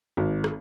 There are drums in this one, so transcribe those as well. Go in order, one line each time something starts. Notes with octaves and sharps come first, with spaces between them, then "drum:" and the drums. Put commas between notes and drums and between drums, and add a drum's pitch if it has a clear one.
G#1
drum: rim click